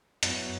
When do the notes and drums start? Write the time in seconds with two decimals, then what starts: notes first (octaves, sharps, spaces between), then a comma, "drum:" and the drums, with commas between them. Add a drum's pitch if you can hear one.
0.23 F#2 F#3 B3 E4, drum: hi-hat